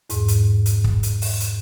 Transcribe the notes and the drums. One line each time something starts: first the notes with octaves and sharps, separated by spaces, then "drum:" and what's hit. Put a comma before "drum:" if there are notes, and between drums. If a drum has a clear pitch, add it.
E2 G#2, drum: hi-hat
drum: hi-hat
drum: hi-hat
drum: kick
drum: hi-hat
drum: open hi-hat
drum: hi-hat